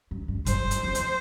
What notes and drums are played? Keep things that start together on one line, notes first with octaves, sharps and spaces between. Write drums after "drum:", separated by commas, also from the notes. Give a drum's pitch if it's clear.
G2
G2
G2 C5, drum: kick F#1, hi-hat
drum: hi-hat
F2
drum: hi-hat